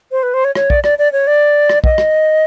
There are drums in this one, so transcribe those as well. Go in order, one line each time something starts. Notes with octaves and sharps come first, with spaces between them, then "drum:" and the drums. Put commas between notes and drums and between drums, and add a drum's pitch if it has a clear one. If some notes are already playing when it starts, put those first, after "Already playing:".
C5
B4
C5
C#5
C#5, drum: rim click
D5, drum: kick
D5, drum: rim click
D5
C#5
D5
drum: rim click
D#5, drum: kick
drum: rim click